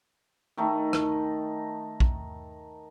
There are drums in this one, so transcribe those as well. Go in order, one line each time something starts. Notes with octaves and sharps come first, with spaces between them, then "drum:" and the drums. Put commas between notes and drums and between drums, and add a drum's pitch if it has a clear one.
D#3 A3 D#4
drum: rim click
drum: kick A#1